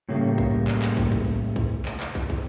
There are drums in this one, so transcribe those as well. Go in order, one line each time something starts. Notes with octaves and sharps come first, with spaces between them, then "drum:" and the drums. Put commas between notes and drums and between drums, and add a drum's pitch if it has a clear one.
A2 C#3 G3 A3 A#3
drum: kick
drum: clap
drum: clap
drum: kick
drum: kick
drum: kick
drum: clap
drum: clap
drum: kick
drum: kick